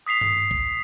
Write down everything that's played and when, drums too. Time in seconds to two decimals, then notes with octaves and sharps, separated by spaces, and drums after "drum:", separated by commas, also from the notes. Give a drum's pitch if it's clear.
0.07 D#6 B6 C7 F7
0.21 drum: tom G2
0.51 drum: kick